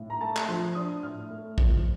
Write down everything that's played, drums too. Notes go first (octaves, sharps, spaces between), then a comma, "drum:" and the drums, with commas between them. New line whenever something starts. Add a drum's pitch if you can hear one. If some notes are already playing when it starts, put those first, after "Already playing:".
Already playing: A2
A#5
A3 A5
drum: clap
F3 C6
D4 D#6
A2 F6
A3
F3, drum: kick A#1